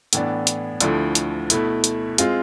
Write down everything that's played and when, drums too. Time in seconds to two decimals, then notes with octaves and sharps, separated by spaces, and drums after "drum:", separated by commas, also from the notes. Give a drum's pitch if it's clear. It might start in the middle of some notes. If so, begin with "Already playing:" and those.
0.13 A2 E3 B3 D4, drum: hi-hat
0.47 drum: hi-hat
0.80 D2 D3 F3 A3 E4, drum: hi-hat
1.15 drum: hi-hat
1.50 B2 A3 E4, drum: hi-hat
1.84 drum: hi-hat
2.18 G#3 C4 F4, drum: hi-hat